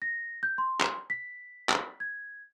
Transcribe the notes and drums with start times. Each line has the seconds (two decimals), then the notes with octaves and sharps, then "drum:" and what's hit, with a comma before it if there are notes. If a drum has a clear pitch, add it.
0.02 A#6
0.43 G6
0.58 C6
0.80 drum: clap
1.10 B6
1.69 drum: clap
2.00 G#6